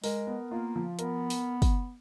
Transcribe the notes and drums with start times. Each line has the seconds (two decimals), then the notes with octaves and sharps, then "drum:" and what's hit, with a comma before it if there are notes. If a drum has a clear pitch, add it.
0.04 G#3 A#4, drum: open hi-hat
0.27 B3
0.51 A#3 F4
0.75 F3
0.99 B3 A#4, drum: hi-hat
1.30 drum: open hi-hat
1.62 drum: kick, open hi-hat